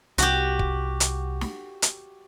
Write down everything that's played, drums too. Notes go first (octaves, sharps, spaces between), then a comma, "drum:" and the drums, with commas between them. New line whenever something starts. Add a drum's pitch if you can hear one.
C2 F#4 G4, drum: hi-hat
drum: kick
drum: hi-hat
drum: snare
drum: hi-hat